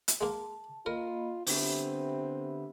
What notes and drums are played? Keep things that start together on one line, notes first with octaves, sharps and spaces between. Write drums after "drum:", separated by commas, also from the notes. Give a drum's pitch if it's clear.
drum: hi-hat
G#3 A#3 A5
A#3 F4 A#4 D#5 B5
D3 B3 C4 G4 E5 B5, drum: open hi-hat